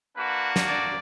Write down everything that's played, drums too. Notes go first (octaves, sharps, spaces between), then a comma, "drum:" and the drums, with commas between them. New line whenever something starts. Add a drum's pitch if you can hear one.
A#3 D4 F#4 B4
drum: snare
D5